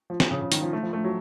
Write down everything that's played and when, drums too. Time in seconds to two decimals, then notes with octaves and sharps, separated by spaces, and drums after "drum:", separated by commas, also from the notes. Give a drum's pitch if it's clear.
0.10 F3
0.20 F3, drum: snare
0.31 C#3
0.41 C#3
0.52 D#3, drum: hi-hat
0.62 F3
0.73 A3
0.83 F3
0.93 A3
1.04 F#3